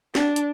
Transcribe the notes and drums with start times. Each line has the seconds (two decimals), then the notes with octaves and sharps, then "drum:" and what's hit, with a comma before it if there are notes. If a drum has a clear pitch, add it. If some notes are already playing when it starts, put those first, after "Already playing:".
0.15 D4, drum: snare
0.36 drum: hi-hat